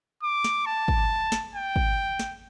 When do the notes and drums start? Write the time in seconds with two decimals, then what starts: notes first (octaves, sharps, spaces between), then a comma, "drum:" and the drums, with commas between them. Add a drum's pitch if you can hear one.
0.23 D6
0.44 drum: snare
0.66 A5
0.88 drum: kick
1.32 drum: snare
1.54 G5
1.76 drum: kick
2.19 drum: snare